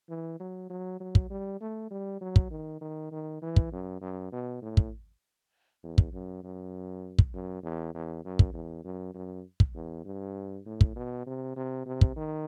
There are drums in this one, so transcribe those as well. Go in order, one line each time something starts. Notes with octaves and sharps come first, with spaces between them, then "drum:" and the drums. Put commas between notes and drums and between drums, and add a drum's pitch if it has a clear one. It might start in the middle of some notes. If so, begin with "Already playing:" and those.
E3
F#3
F#3
F#3
drum: kick
G3
A3
G3
F#3
drum: kick
D#3
D#3
D#3
E3
drum: kick
F#2
F#2
B2
A2
drum: kick
E2
drum: kick
F#2
F#2
drum: kick
F#2
E2
E2
F#2
drum: kick
E2
F#2
F#2
drum: kick
E2
G2
A2
drum: kick
B2
C3
C3
C3
drum: kick
D#3